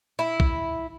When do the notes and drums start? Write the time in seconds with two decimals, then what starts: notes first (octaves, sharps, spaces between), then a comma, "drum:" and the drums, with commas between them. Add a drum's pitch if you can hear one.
0.19 E4
0.40 drum: kick A#1